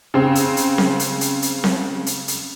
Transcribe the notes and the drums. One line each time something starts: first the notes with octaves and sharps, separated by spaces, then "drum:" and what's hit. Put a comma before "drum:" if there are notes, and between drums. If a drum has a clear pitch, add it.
C#3 C4
drum: hi-hat
drum: hi-hat
drum: snare C4
drum: hi-hat
drum: hi-hat
drum: hi-hat
drum: snare C4
drum: hi-hat
drum: hi-hat